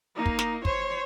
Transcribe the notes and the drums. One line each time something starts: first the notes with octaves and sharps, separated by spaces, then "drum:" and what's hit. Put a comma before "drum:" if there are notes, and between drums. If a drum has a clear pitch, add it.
A#3 D#4
drum: kick
drum: snare
C5 C#5, drum: kick